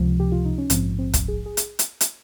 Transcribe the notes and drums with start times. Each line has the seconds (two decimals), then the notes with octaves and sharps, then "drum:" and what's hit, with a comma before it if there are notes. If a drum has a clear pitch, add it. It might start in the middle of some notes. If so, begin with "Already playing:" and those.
Already playing: C#2 C3 F3
0.20 G4
0.32 F4
0.45 D#4
0.58 C#4
0.70 A#1 G#2 F3 C4, drum: hi-hat
0.99 C4
1.14 drum: kick, hi-hat
1.28 G#4
1.46 G#4
1.57 drum: hi-hat
1.79 drum: hi-hat
2.01 drum: hi-hat